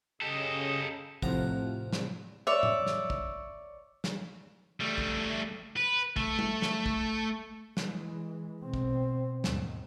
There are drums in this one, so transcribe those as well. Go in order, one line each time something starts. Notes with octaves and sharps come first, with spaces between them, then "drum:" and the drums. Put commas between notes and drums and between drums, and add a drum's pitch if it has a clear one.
C#3 G4 A4 D#5
F2 A2 C3 F3 F#5 A#5, drum: kick
drum: snare
C#5 D5 E5
drum: tom A2
drum: snare
drum: kick
drum: snare
G3 A3
drum: kick
B4
A3, drum: kick
drum: tom
drum: snare
drum: kick
E3 G#3, drum: snare
B2 C4
drum: kick
D#2 G#2, drum: snare